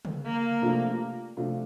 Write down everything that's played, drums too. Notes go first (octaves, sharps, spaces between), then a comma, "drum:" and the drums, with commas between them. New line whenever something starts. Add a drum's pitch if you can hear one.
drum: tom C#3
A#3
C3 F3 A3 D4 F4
C3 F3 A3 D4 F4